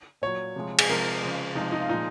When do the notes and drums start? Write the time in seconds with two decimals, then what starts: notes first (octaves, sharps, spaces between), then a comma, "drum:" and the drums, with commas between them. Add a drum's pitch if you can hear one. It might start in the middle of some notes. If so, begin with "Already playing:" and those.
0.22 A#2 F#3 C#5
0.56 C3 F3 G#3
0.79 G#4, drum: cymbal
0.89 C3 F3 G#3 A#4
1.22 C#3 F3 G#3
1.55 C3 F3 G#3 D#4
1.72 D#4
1.81 F4
1.89 A#2 F3 G#3 D#4